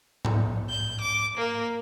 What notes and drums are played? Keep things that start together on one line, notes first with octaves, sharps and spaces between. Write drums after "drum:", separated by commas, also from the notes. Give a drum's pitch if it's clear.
drum: tom G#2
G6
D6
A#3